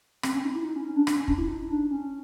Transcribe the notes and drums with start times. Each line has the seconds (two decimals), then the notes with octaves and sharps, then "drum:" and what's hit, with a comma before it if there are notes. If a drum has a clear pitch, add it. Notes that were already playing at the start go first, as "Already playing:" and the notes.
0.23 C4, drum: rim click
0.34 C#4
0.45 D#4
0.55 E4
0.65 D#4
0.76 C#4
0.86 C#4
0.96 D4
1.07 D4, drum: rim click
1.18 C#4
1.28 D4, drum: kick
1.38 E4
1.48 D#4
1.69 D4
1.91 C#4